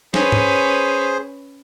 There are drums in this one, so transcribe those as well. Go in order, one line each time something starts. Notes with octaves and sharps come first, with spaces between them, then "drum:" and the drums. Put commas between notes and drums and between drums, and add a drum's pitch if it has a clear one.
C#4 G#4 B4 C5, drum: snare
drum: tom G#2